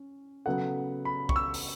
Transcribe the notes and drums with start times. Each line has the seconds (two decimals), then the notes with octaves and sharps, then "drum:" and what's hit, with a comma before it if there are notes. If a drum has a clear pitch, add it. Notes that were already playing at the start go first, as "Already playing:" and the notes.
Already playing: C#4
0.46 C#3 F#3 B3 A4 F#5
1.05 B5
1.29 C#6, drum: kick
1.36 E6
1.54 drum: open hi-hat